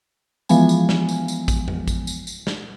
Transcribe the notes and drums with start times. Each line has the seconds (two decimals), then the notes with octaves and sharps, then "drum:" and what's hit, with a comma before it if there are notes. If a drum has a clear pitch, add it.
0.49 E3 F3 G#3 B3 G#5, drum: tambourine
0.69 drum: tambourine
0.89 drum: snare
1.09 drum: tambourine
1.28 drum: tambourine
1.48 drum: kick A1, tambourine
1.68 drum: tom F2
1.88 drum: kick A1, tambourine
2.07 drum: tambourine
2.27 drum: tambourine
2.47 drum: snare